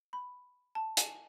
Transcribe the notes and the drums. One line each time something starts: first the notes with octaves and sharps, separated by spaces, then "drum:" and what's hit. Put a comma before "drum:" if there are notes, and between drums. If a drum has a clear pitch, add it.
B5
A5
G#5, drum: hi-hat